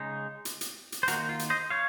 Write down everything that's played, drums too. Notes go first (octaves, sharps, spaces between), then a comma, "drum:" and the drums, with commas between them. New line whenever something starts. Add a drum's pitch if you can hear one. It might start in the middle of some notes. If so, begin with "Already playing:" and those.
Already playing: C#3 G#3 D#4
drum: hi-hat
drum: hi-hat
drum: hi-hat
C5
D#3 A#3 D#4 F#4 A#4, drum: hi-hat
F4
drum: hi-hat
C5 D#5
C#5 F5